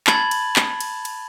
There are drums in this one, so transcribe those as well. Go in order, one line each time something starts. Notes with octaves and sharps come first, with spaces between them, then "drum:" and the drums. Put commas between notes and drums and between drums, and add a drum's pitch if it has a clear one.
A5 B5 G#6 A6 F#7, drum: clap
drum: cymbal
drum: clap
drum: cymbal
drum: cymbal